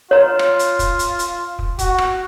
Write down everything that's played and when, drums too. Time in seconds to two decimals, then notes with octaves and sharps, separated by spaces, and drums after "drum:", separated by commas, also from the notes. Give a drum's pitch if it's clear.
0.11 F4 C#5 A#5
0.39 drum: rim click
0.59 drum: hi-hat
0.79 drum: kick, hi-hat
0.99 drum: hi-hat
1.19 drum: hi-hat
1.59 drum: kick
1.79 F#4, drum: kick, hi-hat
1.98 drum: rim click